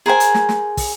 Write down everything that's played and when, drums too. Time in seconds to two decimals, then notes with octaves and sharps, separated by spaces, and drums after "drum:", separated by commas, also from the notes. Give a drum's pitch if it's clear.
0.06 G#4 A#4 C5 G#5
0.20 drum: hi-hat
0.34 drum: snare
0.49 drum: snare
0.77 drum: kick, open hi-hat